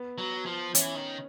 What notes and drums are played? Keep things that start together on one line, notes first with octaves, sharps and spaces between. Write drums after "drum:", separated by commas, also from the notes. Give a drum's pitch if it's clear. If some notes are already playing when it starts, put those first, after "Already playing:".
Already playing: B3
F#3
F3
E3 C#4, drum: hi-hat
D#3